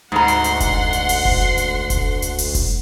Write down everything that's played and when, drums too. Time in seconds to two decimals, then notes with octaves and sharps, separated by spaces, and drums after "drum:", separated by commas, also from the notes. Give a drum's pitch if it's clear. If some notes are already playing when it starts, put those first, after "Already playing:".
0.12 D2 G#2 F#5 A#5 C6
0.28 drum: hi-hat
0.44 drum: hi-hat
0.60 drum: kick F1, hi-hat
0.93 drum: hi-hat
1.09 drum: open hi-hat
1.25 drum: kick F1
1.58 drum: hi-hat
1.90 drum: kick F1, hi-hat
2.22 drum: hi-hat
2.38 drum: open hi-hat
2.55 drum: kick F1, hi-hat